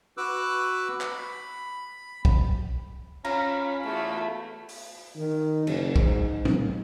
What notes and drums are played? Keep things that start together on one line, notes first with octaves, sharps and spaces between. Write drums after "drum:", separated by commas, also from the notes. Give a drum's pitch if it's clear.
F#4 B4 D6 E6 F#6
B5, drum: clap
drum: kick
C#4 F4 A#5 B5, drum: cymbal
E2 A3 F#4
drum: open hi-hat
D#3
F#1, drum: cymbal
G#2, drum: kick
D#2, drum: tom A#2